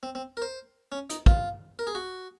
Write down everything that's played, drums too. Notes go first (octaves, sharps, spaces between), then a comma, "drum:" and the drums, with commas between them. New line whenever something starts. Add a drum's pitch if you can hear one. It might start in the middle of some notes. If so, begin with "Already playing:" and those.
C4
C4
A#4
C5
C#4
D#4, drum: hi-hat
F4, drum: kick
A#4
G#4
F#4